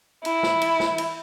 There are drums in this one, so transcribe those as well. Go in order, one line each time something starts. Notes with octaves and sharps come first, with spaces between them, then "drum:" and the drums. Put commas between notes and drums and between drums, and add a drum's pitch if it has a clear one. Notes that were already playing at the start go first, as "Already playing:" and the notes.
E4, drum: cymbal
drum: snare
drum: cymbal
drum: snare
drum: cymbal